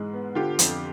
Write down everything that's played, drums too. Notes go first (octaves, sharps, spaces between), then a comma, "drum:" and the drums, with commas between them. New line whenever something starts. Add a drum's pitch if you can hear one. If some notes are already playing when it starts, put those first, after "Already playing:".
Already playing: G#2 E3 G#3
B3
D3 F4 G4
F2, drum: hi-hat